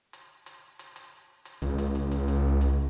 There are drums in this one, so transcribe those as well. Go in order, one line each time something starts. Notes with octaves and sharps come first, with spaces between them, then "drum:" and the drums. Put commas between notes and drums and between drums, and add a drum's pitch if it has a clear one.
drum: hi-hat
drum: hi-hat
drum: hi-hat
drum: hi-hat
drum: hi-hat
C#2, drum: hi-hat
drum: hi-hat
drum: hi-hat
drum: hi-hat
drum: hi-hat
drum: hi-hat